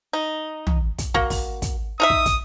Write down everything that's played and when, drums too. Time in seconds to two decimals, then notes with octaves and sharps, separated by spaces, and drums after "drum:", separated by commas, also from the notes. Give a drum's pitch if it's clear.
0.13 D#4
0.67 drum: tom
0.98 drum: kick, hi-hat
1.14 A#3 F#4, drum: kick
1.30 drum: kick, open hi-hat
1.62 drum: kick, hi-hat
2.00 D#4 A#4 E5 D#6
2.10 drum: kick
2.26 drum: kick, hi-hat